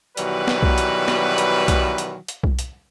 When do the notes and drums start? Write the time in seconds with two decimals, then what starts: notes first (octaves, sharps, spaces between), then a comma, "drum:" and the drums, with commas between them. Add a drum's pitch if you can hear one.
0.17 B2 D#3 E3 F#3 G3 B4, drum: hi-hat
0.48 drum: snare
0.63 drum: kick B1
0.78 drum: hi-hat
1.08 drum: snare
1.38 drum: hi-hat
1.68 drum: kick B1, hi-hat
1.98 drum: hi-hat
2.28 drum: hi-hat
2.44 drum: kick B1
2.59 drum: hi-hat